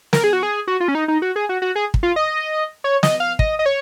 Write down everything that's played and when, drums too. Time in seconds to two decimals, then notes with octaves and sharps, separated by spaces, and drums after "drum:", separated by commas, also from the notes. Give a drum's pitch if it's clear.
0.13 A#4, drum: snare
0.24 G#4
0.33 F#4
0.43 G#4
0.68 F#4
0.80 F4
0.88 C#4
0.95 D#4
1.08 D#4
1.22 F#4
1.36 G#4
1.49 F#4
1.62 F#4
1.76 G#4
1.94 drum: kick
2.03 F4
2.16 D#5
2.84 C#5
3.03 D#5, drum: snare
3.20 F5
3.39 D#5, drum: kick
3.59 D#5
3.66 C#5